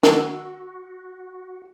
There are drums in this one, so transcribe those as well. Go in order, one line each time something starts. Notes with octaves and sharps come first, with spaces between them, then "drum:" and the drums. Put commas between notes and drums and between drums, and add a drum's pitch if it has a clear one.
F#4 F#5 E6, drum: snare